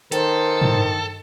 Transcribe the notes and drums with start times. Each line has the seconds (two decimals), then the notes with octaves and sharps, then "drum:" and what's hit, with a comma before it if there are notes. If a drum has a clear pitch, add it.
0.12 D#3 A4 A#4 C5, drum: hi-hat
0.62 drum: tom